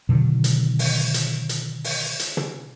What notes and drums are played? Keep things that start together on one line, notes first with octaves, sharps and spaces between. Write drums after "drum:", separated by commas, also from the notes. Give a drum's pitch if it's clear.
B2 D3 D#3 F#3
drum: hi-hat
drum: open hi-hat
drum: hi-hat
drum: hi-hat
drum: open hi-hat
drum: hi-hat
drum: tom